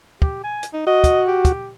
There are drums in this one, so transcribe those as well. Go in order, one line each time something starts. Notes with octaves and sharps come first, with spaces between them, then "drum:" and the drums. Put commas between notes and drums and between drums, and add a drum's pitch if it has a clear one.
G4, drum: kick
G#5
drum: hi-hat
D#4
F#4 D#5
drum: kick, hi-hat
G4
drum: kick, hi-hat